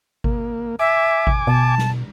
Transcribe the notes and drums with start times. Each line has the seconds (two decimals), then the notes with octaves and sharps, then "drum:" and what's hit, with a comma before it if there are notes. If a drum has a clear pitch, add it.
0.24 A#3, drum: kick G#1
0.79 E5 G#5 D6
1.27 drum: kick G#1
1.47 B2 A5
1.78 drum: snare